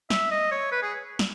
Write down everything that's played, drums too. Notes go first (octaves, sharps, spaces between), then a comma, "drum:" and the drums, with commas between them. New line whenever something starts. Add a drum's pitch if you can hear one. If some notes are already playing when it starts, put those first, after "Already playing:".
E5, drum: snare
D#5
C#5
B4
G#4
drum: snare